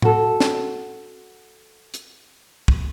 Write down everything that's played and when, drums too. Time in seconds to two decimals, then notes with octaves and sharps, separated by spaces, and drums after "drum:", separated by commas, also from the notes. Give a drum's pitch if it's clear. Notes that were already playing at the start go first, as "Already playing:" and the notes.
0.02 F#4 A4, drum: tom A2
0.40 drum: snare
1.94 drum: hi-hat
2.68 drum: kick